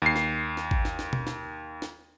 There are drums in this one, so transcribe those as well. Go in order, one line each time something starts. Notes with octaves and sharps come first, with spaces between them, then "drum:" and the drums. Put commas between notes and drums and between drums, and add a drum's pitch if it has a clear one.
D#2 C7
drum: snare
drum: snare
drum: kick G#1
drum: snare
drum: snare
drum: tom B2
drum: snare
drum: snare